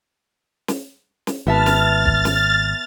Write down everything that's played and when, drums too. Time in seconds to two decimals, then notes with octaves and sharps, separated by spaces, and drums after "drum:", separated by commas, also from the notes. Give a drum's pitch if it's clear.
0.68 drum: snare
1.27 drum: snare
1.47 G#1 B3 E5 A5 F6 A6
1.66 drum: snare
2.05 drum: kick
2.25 drum: snare